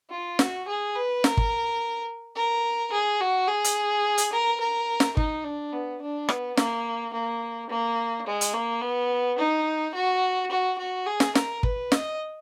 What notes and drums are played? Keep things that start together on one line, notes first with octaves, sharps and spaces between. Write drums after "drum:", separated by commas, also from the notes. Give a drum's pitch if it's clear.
F4
F#4, drum: snare
G#4
B4
A#4, drum: snare
drum: kick
A#4
G#4
F#4
G#4
drum: hi-hat
drum: hi-hat
A#4
A#4
drum: snare
D#4, drum: kick
D4
B3
D4
B3, drum: rim click
A#3, drum: snare
A#3
A#3
G#3
drum: hi-hat
A#3
B3
D#4
F#4
F#4
F#4
G#4
drum: snare
A#4, drum: snare
B4, drum: kick
D#5, drum: snare